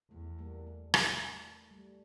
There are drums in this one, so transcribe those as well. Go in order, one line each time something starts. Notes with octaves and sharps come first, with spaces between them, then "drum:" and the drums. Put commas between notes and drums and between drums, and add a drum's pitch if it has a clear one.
E2 A3
G3 A#3
A3
A3, drum: rim click
G3
A3